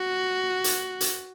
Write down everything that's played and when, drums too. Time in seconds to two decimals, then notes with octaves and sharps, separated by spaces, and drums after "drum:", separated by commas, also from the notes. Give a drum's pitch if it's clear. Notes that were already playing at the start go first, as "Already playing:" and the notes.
Already playing: F#4
0.64 drum: hi-hat
1.01 drum: hi-hat